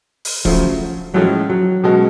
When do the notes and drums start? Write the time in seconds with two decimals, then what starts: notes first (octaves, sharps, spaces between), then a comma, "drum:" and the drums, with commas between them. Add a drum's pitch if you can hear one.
0.25 drum: open hi-hat
0.45 C#3 F3 F#3 A3, drum: kick
1.14 A2 F3 F#3 G#3 C#4
1.50 F#3
1.84 B2 G#3 C#4 F#4 A4